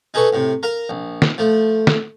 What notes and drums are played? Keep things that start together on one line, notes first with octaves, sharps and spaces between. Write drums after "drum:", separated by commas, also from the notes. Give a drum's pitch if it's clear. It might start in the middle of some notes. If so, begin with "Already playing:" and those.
D#4 G#4 A4 B4 C#6
A2 C3
A#4 F5 A#5
A#1
drum: snare
F3 A3
drum: snare